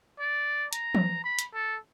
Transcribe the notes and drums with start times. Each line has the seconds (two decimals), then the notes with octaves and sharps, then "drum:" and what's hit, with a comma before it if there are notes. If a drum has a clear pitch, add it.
0.20 D5
0.73 A#5, drum: hi-hat
0.95 drum: tom E3
1.24 B5
1.39 drum: hi-hat
1.54 A4